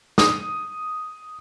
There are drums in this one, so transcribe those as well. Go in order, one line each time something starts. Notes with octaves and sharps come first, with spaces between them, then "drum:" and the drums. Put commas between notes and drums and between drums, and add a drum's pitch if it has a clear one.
D#6, drum: snare